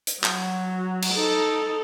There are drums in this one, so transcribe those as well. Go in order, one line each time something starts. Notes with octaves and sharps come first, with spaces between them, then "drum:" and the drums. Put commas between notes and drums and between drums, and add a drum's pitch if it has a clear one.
drum: hi-hat
F#3, drum: clap
drum: cymbal
D#4 A4